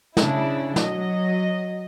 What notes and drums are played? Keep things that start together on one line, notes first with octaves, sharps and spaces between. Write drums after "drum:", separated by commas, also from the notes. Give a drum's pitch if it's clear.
C#3 D4 E4, drum: snare
F#3 D#5, drum: snare